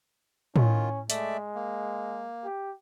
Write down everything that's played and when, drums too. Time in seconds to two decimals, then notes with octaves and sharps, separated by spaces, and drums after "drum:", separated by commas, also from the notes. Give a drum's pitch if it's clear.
0.56 D#3 C#4 F4, drum: tom A2
1.10 G#3 A3 D5 E5, drum: hi-hat
1.55 A#3
2.44 G4